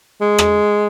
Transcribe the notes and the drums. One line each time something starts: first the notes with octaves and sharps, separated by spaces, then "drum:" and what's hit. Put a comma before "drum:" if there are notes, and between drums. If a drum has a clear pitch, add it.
G#3
drum: rim click